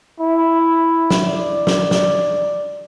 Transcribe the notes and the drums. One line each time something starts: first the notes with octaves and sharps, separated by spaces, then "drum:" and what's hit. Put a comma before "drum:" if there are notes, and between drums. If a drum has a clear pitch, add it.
E4
drum: snare
D5
drum: snare
drum: snare